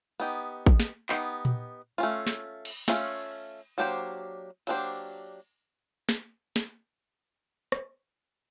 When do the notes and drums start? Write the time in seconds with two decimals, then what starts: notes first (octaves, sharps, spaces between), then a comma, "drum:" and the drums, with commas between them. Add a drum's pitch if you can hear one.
0.20 B3 D#4 G4, drum: tambourine
0.66 drum: kick A1
0.80 drum: snare
1.09 B3 D#4 G4, drum: clap
1.45 drum: tom A#2
1.98 A3 C#4 F4, drum: open hi-hat
2.27 drum: snare
2.65 drum: cymbal
2.88 A3 C#4 F4, drum: snare
3.78 F#3 A#3 D4 G4 C5
4.67 F#3 A#3 D4 G4 C5, drum: cymbal
6.09 drum: snare
6.56 drum: snare
7.72 drum: rim click